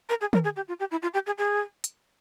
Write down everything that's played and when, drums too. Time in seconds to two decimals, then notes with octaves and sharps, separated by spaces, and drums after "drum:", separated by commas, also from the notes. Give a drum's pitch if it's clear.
0.09 A#4
0.21 G#4
0.33 A#4, drum: tom
0.44 G#4
0.56 G4
0.68 F4
0.80 G4
0.91 E4
1.02 F4
1.14 G4
1.26 G#4
1.38 G#4
1.84 drum: hi-hat